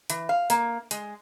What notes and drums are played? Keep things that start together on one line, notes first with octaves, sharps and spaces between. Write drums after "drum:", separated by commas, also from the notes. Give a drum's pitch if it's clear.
E3, drum: hi-hat
F5
A#3, drum: hi-hat
G#3, drum: hi-hat